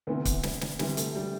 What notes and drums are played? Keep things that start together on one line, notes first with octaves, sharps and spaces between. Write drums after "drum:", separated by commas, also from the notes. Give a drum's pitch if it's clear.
D2 C3 E3 B3
drum: kick C#1, hi-hat
drum: snare
drum: snare
D2 C3 E3 G3, drum: snare
A3, drum: hi-hat
G3